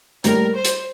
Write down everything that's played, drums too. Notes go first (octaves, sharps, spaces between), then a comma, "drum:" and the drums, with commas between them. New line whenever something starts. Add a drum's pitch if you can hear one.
A2 G3 A#3 A#4, drum: hi-hat
C5
drum: hi-hat